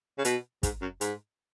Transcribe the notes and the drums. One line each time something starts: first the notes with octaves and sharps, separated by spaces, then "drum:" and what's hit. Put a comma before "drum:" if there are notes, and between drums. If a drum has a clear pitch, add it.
C#3
B2, drum: hi-hat
G#2, drum: kick, hi-hat
F#2
G#2, drum: hi-hat